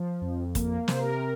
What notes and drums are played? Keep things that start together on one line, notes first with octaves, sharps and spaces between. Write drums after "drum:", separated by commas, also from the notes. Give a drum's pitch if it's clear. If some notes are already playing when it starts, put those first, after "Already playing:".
Already playing: F3
F2
A#3, drum: kick, hi-hat
C3 C5, drum: snare
A#4